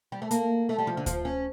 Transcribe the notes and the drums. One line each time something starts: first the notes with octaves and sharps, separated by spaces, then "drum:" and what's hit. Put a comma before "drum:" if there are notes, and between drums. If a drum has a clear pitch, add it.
G3
A3
A#3, drum: hi-hat
A3
G3
F3
D3
F3, drum: kick D2, hi-hat
C#4